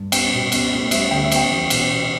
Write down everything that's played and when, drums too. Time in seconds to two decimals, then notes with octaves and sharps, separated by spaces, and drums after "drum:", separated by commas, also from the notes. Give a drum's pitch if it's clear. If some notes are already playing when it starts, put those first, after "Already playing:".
Already playing: G2
0.12 B3 G5, drum: cymbal
0.33 B2
0.52 B3, drum: cymbal
0.72 A2
0.91 G3 E5, drum: cymbal
1.11 D2 G5
1.24 E5
1.32 B3 G5, drum: cymbal
1.51 E2
1.70 B2, drum: cymbal
1.91 B2